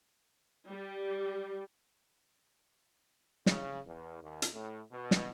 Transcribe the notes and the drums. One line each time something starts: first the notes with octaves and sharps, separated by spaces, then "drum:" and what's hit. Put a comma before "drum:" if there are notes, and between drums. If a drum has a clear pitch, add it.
G3
C#3, drum: snare
E2
D#2
drum: hi-hat
A2
B2
drum: snare